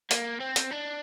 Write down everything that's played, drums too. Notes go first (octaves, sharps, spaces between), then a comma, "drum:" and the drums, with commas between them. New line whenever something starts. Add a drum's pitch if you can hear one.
A#3, drum: hi-hat
C4
drum: hi-hat
D4